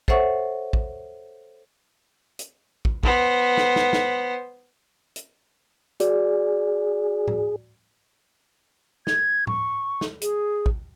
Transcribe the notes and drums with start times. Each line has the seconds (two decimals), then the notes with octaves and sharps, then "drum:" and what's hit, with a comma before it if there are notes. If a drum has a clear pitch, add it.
0.08 A4 C5 C#5 E5 F#5 C#6, drum: kick
0.73 drum: kick
2.39 drum: hi-hat
2.85 drum: kick
3.03 B3 C5, drum: kick
3.57 drum: snare
3.76 drum: snare
3.93 drum: snare
5.16 drum: hi-hat
6.00 F#4 G#4 D5, drum: hi-hat
7.28 drum: tom A2
9.07 G#6, drum: snare
9.47 C#6, drum: tom A2
10.01 drum: snare
10.22 G#4, drum: hi-hat
10.66 drum: kick